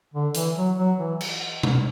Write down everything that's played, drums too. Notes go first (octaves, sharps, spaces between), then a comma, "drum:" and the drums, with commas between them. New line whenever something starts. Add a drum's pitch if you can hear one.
D3
E3, drum: hi-hat
F#3
F#3
E3
drum: cymbal
drum: tom B2